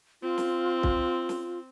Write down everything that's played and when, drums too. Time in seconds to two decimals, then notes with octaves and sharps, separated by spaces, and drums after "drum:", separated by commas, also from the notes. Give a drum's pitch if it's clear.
0.22 C4 F4
0.38 drum: snare
0.83 drum: kick C2
1.29 drum: snare